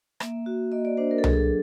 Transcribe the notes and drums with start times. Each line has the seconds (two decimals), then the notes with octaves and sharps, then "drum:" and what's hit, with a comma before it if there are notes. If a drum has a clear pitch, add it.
0.20 A#3 E5, drum: rim click
0.46 F#4
0.72 A#3 D#5
0.85 D5
0.97 D4 C5
1.11 A#4
1.18 A4
1.24 F#3 G#4, drum: tom C2
1.33 A4